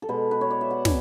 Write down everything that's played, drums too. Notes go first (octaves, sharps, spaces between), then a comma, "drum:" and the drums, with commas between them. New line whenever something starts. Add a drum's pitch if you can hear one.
A4
B2 G#3 B4
B4
C#5
D5
E5
F#5
G#5, drum: snare